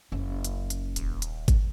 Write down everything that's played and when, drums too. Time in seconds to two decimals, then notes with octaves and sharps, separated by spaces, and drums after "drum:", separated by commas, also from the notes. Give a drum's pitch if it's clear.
0.12 F#1 C#4
0.44 drum: hi-hat
0.70 drum: hi-hat
0.96 D#1, drum: hi-hat
1.22 drum: hi-hat
1.48 drum: kick G#1, hi-hat